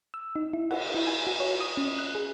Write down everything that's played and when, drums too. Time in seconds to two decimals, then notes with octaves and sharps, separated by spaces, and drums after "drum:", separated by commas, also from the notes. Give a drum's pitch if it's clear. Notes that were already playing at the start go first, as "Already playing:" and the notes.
0.14 E6
0.36 D#4
0.53 E4
0.71 F#5, drum: cymbal
0.95 E4
1.07 G#5
1.27 F#4
1.40 C#5
1.61 D#6
1.77 C#4
1.99 F#6
2.15 G#4